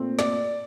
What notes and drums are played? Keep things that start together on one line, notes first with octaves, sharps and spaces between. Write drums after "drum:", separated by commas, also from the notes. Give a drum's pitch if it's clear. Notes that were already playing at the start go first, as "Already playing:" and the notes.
Already playing: A#2 A3 C4
D5, drum: snare